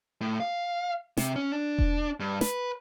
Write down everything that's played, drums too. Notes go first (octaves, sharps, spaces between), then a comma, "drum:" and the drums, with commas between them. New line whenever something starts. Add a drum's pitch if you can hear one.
A2
F5
C3, drum: snare
C#4
D4
drum: kick E1
G2
B4, drum: snare